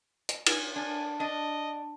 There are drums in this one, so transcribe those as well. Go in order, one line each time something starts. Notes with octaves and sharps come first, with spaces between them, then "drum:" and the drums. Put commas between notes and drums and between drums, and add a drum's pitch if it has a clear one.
drum: hi-hat
G#5, drum: cymbal
D4 G#5
D4 D#5